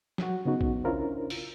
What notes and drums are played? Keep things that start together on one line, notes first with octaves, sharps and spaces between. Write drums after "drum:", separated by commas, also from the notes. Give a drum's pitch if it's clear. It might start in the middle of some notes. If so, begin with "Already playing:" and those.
F#3 F#4, drum: snare
C#3 B3 D#4 F#4
drum: kick
C#4 D4 E4 F4 A#4 C5
drum: open hi-hat